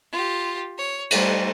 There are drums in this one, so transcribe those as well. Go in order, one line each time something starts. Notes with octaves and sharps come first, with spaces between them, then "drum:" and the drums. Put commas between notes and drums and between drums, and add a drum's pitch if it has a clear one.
F4 G4
C#5
G3 A3 D#4 C5, drum: cymbal